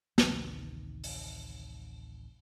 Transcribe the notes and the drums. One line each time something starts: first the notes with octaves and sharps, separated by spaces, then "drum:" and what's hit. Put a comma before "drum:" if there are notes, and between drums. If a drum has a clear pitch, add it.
A1 D2 C3 D#3, drum: snare
drum: open hi-hat